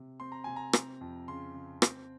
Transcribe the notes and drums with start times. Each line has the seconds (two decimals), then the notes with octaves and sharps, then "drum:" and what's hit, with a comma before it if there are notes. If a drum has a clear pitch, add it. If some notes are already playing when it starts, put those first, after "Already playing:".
Already playing: C3
0.20 C4 C6
0.32 A#5
0.44 C3 G#5
0.56 A#5
0.73 C4, drum: rim click
1.01 F2
1.28 C#3 C6
1.54 C#3
1.82 C4, drum: rim click